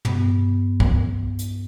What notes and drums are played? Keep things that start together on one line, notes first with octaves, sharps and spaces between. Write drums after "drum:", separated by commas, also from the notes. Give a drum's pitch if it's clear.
G2 B3, drum: tom
drum: kick
drum: hi-hat